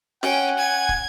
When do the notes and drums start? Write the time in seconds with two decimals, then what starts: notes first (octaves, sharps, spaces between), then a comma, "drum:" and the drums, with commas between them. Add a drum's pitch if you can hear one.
0.23 C#4 F#5 G5, drum: snare
0.58 G#5 G#6
0.89 drum: kick